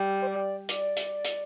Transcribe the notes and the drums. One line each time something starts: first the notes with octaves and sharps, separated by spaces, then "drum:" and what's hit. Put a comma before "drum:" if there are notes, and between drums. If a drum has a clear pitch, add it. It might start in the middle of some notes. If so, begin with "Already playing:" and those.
Already playing: G3
C5
D5
D5, drum: hi-hat
drum: hi-hat
drum: hi-hat